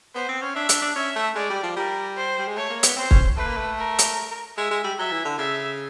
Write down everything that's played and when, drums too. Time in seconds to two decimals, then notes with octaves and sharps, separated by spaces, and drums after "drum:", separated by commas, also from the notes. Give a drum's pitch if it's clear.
0.15 B3 C5
0.29 C4
0.42 C#4
0.55 D4 E5
0.69 D4, drum: hi-hat
0.82 D4
0.96 C#4 E5
1.16 A3
1.35 G#3 D5
1.50 G3
1.63 F3
1.76 G3 A#4
2.16 C5
2.39 G3
2.48 G#3
2.57 A3 C#5
2.70 A#3
2.83 B3, drum: hi-hat
2.96 C4 C5
3.11 C#4, drum: kick C#1
3.37 A3 B4
3.47 A#3
3.57 A3
3.78 A#4
3.99 drum: hi-hat
4.57 G#3 E5
4.71 G#3
4.84 G3
4.98 F#3 E5
5.11 E3
5.25 D3
5.38 C#3 E5